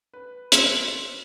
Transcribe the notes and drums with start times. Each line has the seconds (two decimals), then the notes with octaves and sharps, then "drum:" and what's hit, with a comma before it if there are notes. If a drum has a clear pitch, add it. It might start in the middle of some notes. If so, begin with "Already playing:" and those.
0.13 B4
0.52 C5, drum: hi-hat